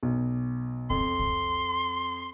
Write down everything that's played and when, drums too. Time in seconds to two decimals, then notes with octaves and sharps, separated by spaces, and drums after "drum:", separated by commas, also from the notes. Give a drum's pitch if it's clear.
0.03 B1
0.90 F2 C6, drum: kick C2
1.19 drum: kick C2